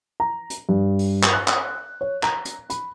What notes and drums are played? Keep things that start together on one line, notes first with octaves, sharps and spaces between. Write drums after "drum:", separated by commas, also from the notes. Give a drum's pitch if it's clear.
A#5
drum: hi-hat
G2
drum: open hi-hat
drum: clap
F#6
drum: clap
C#5
A#5, drum: clap
drum: hi-hat
B5, drum: hi-hat